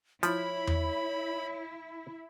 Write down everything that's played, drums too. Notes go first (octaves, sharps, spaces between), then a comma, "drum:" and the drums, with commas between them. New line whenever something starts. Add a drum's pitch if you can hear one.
F3 E4 C#5 B5, drum: hi-hat
drum: tom E2